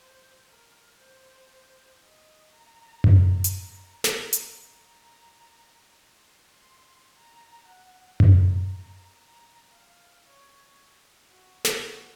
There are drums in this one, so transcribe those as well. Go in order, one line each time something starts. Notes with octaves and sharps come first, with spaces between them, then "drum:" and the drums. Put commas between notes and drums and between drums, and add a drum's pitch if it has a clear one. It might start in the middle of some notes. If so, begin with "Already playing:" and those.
Already playing: C5
A#4
C5
D#5
A#5
drum: tom F#2
drum: hi-hat
A#5
drum: snare
drum: hi-hat
A#5
C6
A#5
F#5
A#5, drum: tom F#2
A#5
F5
C#5
F#4
drum: snare
F#4